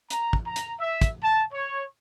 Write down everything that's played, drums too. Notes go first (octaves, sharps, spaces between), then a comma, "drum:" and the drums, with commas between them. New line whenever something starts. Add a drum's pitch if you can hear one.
A#5, drum: hi-hat
drum: kick
A#5
drum: hi-hat
E5
drum: kick, hi-hat
A5
C#5